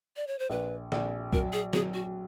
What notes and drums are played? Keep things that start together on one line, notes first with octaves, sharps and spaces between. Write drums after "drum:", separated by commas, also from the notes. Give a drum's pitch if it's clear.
D5
C#5
C5
A#1 B4
A#1, drum: snare
F#3 A#4, drum: kick
G#4
F#3 G#4, drum: snare
F#4